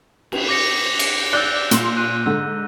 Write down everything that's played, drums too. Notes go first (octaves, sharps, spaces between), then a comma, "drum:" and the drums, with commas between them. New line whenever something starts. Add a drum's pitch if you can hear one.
drum: cymbal
D6 A#6 C#7
drum: cymbal
D5 E6 F#6 G6 G7
A#2 C6, drum: hi-hat
F#6 D#7
G#2 D3 E6